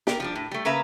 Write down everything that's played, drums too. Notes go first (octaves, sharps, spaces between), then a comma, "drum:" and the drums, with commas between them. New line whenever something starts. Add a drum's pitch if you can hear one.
G4 A#4, drum: snare
F3 G3 D4
A2
G3 A3
C#3 A#3 B4 E5 A#5